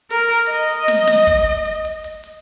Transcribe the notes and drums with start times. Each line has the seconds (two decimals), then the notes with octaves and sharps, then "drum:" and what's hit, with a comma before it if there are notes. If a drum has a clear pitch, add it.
0.10 A#4, drum: hi-hat
0.30 drum: hi-hat
0.46 D#5, drum: hi-hat
0.69 drum: hi-hat
0.88 drum: snare
1.07 drum: snare
1.27 drum: kick, hi-hat
1.46 drum: hi-hat
1.65 drum: hi-hat
1.85 drum: hi-hat
2.04 drum: hi-hat
2.24 drum: hi-hat